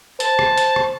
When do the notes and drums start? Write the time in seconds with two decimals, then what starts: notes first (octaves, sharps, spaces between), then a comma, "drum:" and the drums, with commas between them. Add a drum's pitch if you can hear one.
0.20 C5 A5, drum: hi-hat
0.39 drum: rim click
0.58 drum: hi-hat
0.76 drum: rim click